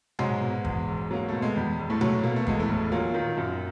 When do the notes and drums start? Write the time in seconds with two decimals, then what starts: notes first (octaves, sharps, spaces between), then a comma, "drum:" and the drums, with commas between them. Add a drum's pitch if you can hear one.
0.19 G#2 F#3 G#3, drum: tom B2
0.41 B2
0.65 E2, drum: kick
0.88 E1
1.11 F#3 A#3
1.29 B2 A3
1.42 G#3
1.56 E2 G3
1.79 E1
1.90 A2 A3
2.01 F#3, drum: tom B2
2.24 B2 A#3
2.36 A3
2.47 E2 G#3, drum: kick
2.60 A2 A3
2.69 E1
2.92 A#2 F#3 A#3
3.14 D#3
3.37 F#2